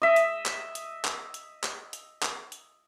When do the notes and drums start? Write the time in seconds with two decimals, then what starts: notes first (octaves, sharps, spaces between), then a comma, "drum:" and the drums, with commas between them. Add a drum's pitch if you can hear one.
0.02 D#5 E5
0.16 drum: hi-hat
0.46 drum: clap
0.75 drum: hi-hat
1.05 drum: clap
1.34 drum: hi-hat
1.64 drum: clap
1.93 drum: hi-hat
2.22 drum: clap
2.52 drum: hi-hat